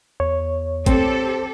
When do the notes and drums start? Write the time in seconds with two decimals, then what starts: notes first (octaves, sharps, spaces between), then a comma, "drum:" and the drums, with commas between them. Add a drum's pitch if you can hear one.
0.20 E2 C#5
0.86 C4 G4 A4, drum: kick G#1, hi-hat